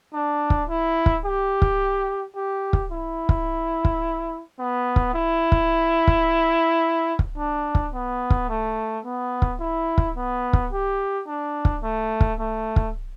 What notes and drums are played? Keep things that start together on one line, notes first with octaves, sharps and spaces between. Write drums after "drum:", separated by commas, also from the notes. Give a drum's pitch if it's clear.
D4
drum: kick
E4
drum: kick
G4
drum: kick
G4
drum: kick
E4
drum: kick
drum: kick
B3
drum: kick
E4
drum: kick
drum: kick
drum: kick
D4
drum: kick
B3
drum: kick
A3
B3
drum: kick
E4
drum: kick
B3
drum: kick
G4
D4
drum: kick
A3
drum: kick
A3
drum: kick